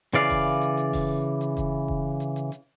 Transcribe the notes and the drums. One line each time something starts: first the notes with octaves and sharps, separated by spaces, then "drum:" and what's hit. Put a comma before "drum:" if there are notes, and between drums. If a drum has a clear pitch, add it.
C#3 E3 D5 F5, drum: hi-hat
drum: kick F1, open hi-hat
drum: hi-hat
drum: hi-hat
drum: kick F1, open hi-hat
drum: hi-hat
drum: kick F1, hi-hat
drum: kick F1
drum: hi-hat
drum: hi-hat
drum: hi-hat